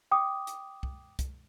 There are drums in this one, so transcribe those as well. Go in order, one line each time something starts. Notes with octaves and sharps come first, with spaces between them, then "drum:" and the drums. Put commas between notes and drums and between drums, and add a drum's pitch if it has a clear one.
G5 D6 D#6
drum: hi-hat
drum: kick
drum: kick, hi-hat